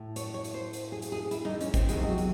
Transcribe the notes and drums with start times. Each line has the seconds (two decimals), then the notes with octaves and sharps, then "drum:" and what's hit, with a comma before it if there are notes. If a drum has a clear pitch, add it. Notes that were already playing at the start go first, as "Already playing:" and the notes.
Already playing: A2
0.16 C#5, drum: hi-hat
0.34 C#5
0.44 drum: hi-hat
0.54 C5
0.73 drum: hi-hat
0.92 G#4
1.02 drum: hi-hat
1.12 G#4
1.31 E4, drum: hi-hat
1.45 D#4, drum: tom G3
1.61 C#4, drum: hi-hat
1.74 C4, drum: kick A1, hi-hat
1.89 E2 C3 D#3 G#3, drum: hi-hat
2.08 F#3
2.18 drum: hi-hat